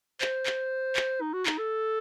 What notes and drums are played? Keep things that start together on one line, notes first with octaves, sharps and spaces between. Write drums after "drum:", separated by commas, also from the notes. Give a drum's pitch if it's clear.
C5, drum: clap
drum: clap
drum: clap
D#4
F#4
D#4, drum: clap
A4